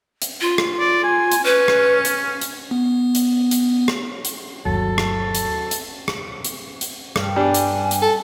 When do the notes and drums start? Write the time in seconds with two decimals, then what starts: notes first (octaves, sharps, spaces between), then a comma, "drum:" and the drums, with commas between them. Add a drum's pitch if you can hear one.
0.22 drum: hi-hat
0.41 F4
0.58 drum: rim click
0.79 D5
1.04 G#5
1.32 drum: hi-hat
1.44 C#4 B4
1.68 drum: rim click
2.05 drum: hi-hat
2.41 drum: hi-hat
2.71 B3
3.15 drum: hi-hat
3.51 drum: hi-hat
3.88 drum: rim click
4.25 drum: hi-hat
4.65 G1 D#2 F#3 A4
4.98 drum: rim click
5.35 drum: hi-hat
5.71 drum: hi-hat
6.08 drum: rim click
6.45 drum: hi-hat
6.81 drum: hi-hat
7.16 G2, drum: rim click
7.36 G3 D4 G#5
7.54 drum: hi-hat
7.91 drum: hi-hat
8.02 A4